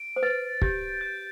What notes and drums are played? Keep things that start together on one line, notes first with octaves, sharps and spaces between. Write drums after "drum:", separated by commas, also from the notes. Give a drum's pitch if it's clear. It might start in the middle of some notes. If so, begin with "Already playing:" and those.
Already playing: D7
C5
B4 A6
G4 G6, drum: kick
G6